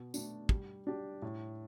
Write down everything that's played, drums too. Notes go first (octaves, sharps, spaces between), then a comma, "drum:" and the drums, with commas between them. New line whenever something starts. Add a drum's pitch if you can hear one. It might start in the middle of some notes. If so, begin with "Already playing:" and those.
Already playing: B2
A3 D4, drum: tambourine
G3, drum: kick
D4 G4
A2